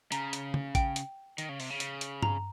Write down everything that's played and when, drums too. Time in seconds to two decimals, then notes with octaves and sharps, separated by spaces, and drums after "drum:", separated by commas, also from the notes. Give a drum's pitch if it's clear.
0.12 C#3 A#5, drum: hi-hat
0.33 drum: hi-hat
0.54 drum: tom C#3
0.75 G5, drum: kick A1, hi-hat
0.96 drum: hi-hat
1.38 D#3, drum: hi-hat
1.49 C#3
1.60 C3, drum: open hi-hat
1.70 C#3
1.80 drum: hi-hat
2.01 drum: hi-hat
2.23 A#5, drum: tom G2